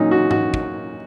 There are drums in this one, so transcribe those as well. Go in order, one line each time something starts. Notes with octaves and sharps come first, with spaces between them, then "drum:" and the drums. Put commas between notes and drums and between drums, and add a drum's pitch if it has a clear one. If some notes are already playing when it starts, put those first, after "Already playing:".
Already playing: A#2 F#3 C#4 D#4
F#4
F#4, drum: tom G#2
drum: kick